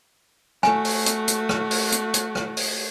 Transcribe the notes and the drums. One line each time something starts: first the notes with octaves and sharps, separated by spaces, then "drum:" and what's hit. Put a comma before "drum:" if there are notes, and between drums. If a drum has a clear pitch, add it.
A3 F#4 G#5, drum: rim click
drum: open hi-hat
drum: hi-hat
drum: hi-hat
drum: rim click
drum: open hi-hat
drum: hi-hat
drum: hi-hat
drum: rim click
drum: open hi-hat